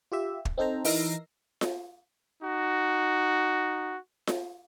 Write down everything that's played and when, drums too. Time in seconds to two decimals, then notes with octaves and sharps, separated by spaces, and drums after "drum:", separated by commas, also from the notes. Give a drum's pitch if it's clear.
0.12 F4 G4 E5
0.45 drum: kick
0.58 C4 D#4 A4 C5 A#5
0.84 E3 D#4 A#4 E6 A#6 C7, drum: open hi-hat
1.61 drum: snare F4
2.43 D#4 F#4
4.27 drum: snare F4